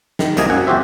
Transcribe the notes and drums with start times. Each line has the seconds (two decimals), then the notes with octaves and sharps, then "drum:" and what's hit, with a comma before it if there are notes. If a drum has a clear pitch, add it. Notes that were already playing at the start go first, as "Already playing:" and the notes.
0.19 D#3, drum: snare
0.37 C2 C3 A#3 D#5 G#5, drum: hi-hat
0.50 F#2 F#5 G#5
0.67 G1 F2 F#4 G4 C5 E5